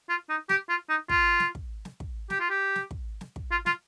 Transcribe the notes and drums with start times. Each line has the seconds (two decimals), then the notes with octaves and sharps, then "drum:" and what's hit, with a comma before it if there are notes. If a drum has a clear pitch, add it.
0.09 F4
0.29 D#4
0.49 G4, drum: snare
0.69 F4
0.89 D#4
1.09 F4, drum: kick
1.40 drum: snare
1.55 drum: kick
1.85 drum: snare
2.00 drum: kick
2.30 G4, drum: snare
2.40 F4
2.50 G4
2.76 drum: snare
2.91 drum: kick
3.21 drum: snare
3.36 drum: kick
3.51 F4
3.66 F4, drum: snare